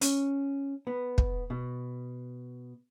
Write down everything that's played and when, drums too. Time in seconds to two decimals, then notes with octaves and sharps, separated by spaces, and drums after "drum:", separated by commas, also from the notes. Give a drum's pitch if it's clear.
0.01 C#4, drum: hi-hat
0.87 B3
1.18 drum: kick
1.50 B2